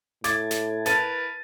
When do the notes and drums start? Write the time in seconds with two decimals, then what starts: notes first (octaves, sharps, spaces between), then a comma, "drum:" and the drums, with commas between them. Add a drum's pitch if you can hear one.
0.24 A2 D6 G#6 A6, drum: snare
0.51 drum: snare
0.86 E4 A#4 B4 A5 A6 D#7, drum: snare